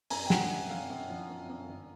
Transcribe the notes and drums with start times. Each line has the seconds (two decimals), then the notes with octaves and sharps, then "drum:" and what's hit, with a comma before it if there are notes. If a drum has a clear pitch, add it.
0.10 F#2 G#5 A#5, drum: open hi-hat
0.26 G5
0.30 D3 F#5 G#5, drum: snare
0.50 F#2
0.70 F#2 F5
0.90 F#2
1.10 F3
1.30 F#2
1.49 F#2
1.69 G1